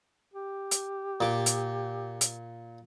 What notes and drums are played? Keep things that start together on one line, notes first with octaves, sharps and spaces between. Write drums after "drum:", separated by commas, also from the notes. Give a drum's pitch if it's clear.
G4
drum: hi-hat
A#2 D6
drum: hi-hat
drum: hi-hat